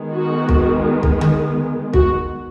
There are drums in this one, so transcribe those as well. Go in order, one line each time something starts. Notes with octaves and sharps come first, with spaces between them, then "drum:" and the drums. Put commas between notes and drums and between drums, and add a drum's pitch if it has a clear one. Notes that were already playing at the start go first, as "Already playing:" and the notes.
Already playing: D#3 G#3 B3
F#4
drum: kick
drum: kick
drum: tom D3
F#4, drum: kick